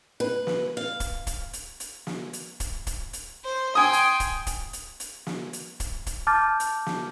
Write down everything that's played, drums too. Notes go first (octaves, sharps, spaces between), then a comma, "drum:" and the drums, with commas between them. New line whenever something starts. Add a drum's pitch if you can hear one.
B4
drum: snare
F5
drum: kick, hi-hat
drum: kick, hi-hat
drum: hi-hat
drum: hi-hat
drum: snare
drum: hi-hat
drum: kick, hi-hat
drum: kick, hi-hat
drum: hi-hat
C5
G5 G#5 C6 D#6
drum: hi-hat
drum: kick, hi-hat
drum: kick, hi-hat
drum: hi-hat
drum: hi-hat
drum: snare
drum: hi-hat
drum: kick, hi-hat
drum: kick, hi-hat
A5 D6 F6 G6 A6
drum: hi-hat
drum: snare